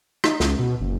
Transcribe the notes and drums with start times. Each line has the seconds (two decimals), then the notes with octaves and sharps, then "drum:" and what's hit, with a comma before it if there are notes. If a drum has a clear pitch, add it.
0.24 D#4, drum: rim click
0.40 C#2, drum: snare
0.59 B2
0.80 F#1